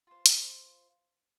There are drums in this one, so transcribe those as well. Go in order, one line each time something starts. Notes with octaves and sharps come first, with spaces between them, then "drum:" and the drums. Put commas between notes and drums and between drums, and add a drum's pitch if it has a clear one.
F4 C5
drum: hi-hat